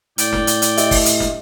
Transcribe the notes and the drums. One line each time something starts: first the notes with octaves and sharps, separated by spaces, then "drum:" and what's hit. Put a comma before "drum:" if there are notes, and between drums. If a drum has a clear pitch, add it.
A2 D5 G5, drum: hi-hat
drum: snare
drum: hi-hat
drum: hi-hat
G4 D#5 E5, drum: hi-hat
drum: kick, open hi-hat
drum: hi-hat
drum: snare